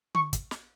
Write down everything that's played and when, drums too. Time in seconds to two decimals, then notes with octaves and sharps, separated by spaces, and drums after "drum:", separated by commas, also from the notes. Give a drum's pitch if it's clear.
0.15 C#6, drum: tom D3
0.33 drum: kick, hi-hat
0.51 drum: snare